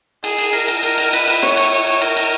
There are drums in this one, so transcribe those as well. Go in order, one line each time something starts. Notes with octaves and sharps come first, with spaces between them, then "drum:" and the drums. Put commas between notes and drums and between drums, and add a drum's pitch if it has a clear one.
G#4, drum: cymbal
drum: cymbal
A#4, drum: cymbal
drum: cymbal
A#4, drum: cymbal
drum: cymbal
B4, drum: cymbal
drum: cymbal
C#5, drum: snare
drum: cymbal
C#5
drum: cymbal
A#4, drum: cymbal
drum: cymbal